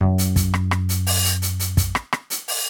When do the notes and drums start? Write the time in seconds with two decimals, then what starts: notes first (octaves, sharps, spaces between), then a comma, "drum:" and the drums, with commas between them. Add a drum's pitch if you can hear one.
0.01 F#2 E4
0.18 drum: hi-hat
0.36 drum: kick, hi-hat
0.54 drum: rim click
0.71 drum: rim click
0.89 drum: hi-hat
1.07 drum: open hi-hat
1.24 drum: hi-hat
1.42 drum: hi-hat
1.60 drum: hi-hat
1.77 drum: kick, hi-hat
1.95 drum: rim click
2.13 drum: rim click
2.30 drum: hi-hat
2.48 drum: open hi-hat